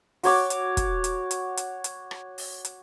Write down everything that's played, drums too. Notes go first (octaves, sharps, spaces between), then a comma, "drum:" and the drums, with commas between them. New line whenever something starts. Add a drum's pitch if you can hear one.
F#4 C#5 D6, drum: open hi-hat
drum: hi-hat
drum: kick, hi-hat
drum: hi-hat
drum: hi-hat
drum: hi-hat
drum: hi-hat
drum: rim click
drum: open hi-hat
drum: hi-hat